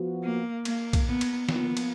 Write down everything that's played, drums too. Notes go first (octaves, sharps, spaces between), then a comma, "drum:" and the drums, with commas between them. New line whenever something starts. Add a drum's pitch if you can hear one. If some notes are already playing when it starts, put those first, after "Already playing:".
Already playing: F3 B3 F#4
A#3
A#3, drum: cymbal
drum: kick, cymbal
B3
drum: cymbal
F3 A#3 B3 F4, drum: snare
drum: cymbal